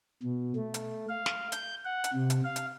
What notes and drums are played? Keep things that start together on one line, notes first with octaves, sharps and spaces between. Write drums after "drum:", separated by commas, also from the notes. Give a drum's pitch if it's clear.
B2
A3
drum: hi-hat
F5
drum: snare
G6, drum: hi-hat
F#5
drum: hi-hat
C3
drum: hi-hat
F5
drum: hi-hat